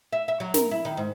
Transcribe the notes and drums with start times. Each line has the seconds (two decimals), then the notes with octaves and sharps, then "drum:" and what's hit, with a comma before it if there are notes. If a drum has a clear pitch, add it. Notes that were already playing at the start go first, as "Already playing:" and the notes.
0.13 E5
0.28 E5
0.40 F#3
0.54 A#4, drum: snare
0.71 E4
0.85 D#3
0.97 G#2